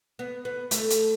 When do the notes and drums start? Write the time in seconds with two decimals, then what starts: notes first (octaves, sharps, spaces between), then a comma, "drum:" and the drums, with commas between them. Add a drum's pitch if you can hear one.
0.19 B3
0.45 B3
0.71 A3, drum: hi-hat
0.90 drum: hi-hat